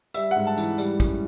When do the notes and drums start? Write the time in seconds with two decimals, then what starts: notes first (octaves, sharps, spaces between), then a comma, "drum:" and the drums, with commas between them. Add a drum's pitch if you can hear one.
0.14 G3 E5, drum: tambourine
0.31 G#2 F#5
0.47 A5
0.58 E3, drum: tambourine
0.78 G3, drum: tambourine
1.00 F#2, drum: kick, tambourine